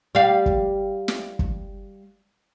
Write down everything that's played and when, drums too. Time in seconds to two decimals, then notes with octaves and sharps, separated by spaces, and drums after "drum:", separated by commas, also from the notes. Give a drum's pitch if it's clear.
0.15 G3 F5
0.46 drum: kick
1.08 drum: snare
1.39 drum: kick